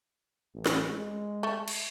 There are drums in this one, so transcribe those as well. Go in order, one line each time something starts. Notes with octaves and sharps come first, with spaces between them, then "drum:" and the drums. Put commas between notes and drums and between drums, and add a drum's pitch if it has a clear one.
A1
drum: snare
G#3
A3
drum: cymbal